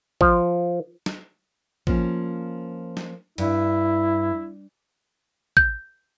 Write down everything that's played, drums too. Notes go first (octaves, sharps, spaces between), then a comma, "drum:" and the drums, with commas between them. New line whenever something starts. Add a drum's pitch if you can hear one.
F3, drum: kick
drum: snare
F3 A#3 C#4, drum: kick
drum: snare
G2 E4, drum: cymbal
G6, drum: kick